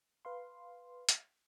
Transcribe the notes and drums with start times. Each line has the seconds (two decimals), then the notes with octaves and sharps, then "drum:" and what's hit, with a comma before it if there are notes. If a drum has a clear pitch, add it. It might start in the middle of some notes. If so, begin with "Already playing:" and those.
0.25 B4 F5 C6
1.09 drum: hi-hat